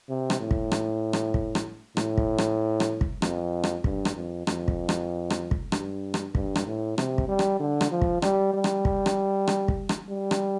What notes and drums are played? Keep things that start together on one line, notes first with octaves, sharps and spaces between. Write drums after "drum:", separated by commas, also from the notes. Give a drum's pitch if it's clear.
C3
drum: rim click
A2
drum: kick
drum: rim click
drum: rim click
drum: kick
drum: rim click
A2, drum: rim click
drum: kick
drum: rim click
drum: rim click
drum: kick
F2, drum: rim click
drum: rim click
G2, drum: kick
drum: rim click
F2
F2, drum: rim click
drum: kick
drum: rim click
drum: rim click
drum: kick
G2, drum: rim click
drum: rim click
G2, drum: kick
drum: rim click
A2
C3, drum: rim click
drum: kick
G3
drum: rim click
D3
drum: rim click
F3
drum: kick
G3, drum: rim click
G3
drum: rim click
drum: kick
drum: rim click
drum: rim click
drum: kick
drum: rim click
G3
drum: rim click